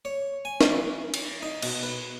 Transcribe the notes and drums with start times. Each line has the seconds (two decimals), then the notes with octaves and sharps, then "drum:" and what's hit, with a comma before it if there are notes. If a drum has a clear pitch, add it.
0.05 C#5
0.45 G#5
0.61 drum: snare
0.70 E3
1.14 drum: cymbal
1.42 D#4
1.62 B2, drum: cymbal
1.83 B4